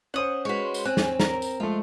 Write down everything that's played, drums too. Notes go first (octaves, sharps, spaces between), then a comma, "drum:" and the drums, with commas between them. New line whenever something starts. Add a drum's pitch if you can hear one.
C#4 C5 F#5 D#6
G#3 F#4 B4 C#5
C6
drum: tambourine
C4 G#5 F#6
drum: snare
A#4 A#5, drum: snare
drum: tambourine
F3 G#3 A3 F4